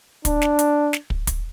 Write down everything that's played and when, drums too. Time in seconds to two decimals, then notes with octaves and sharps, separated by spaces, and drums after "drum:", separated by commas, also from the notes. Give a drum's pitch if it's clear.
0.25 D4, drum: kick, hi-hat
0.42 drum: snare
0.59 drum: hi-hat
0.93 drum: snare
1.10 drum: kick
1.27 drum: kick, hi-hat